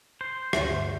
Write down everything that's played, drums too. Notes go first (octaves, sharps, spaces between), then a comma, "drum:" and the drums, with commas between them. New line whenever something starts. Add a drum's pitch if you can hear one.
C5
D2 G2 E5, drum: rim click